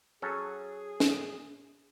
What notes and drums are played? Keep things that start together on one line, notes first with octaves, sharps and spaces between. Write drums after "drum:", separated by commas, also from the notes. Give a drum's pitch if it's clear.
F#3 C#4 G#4 A4
drum: snare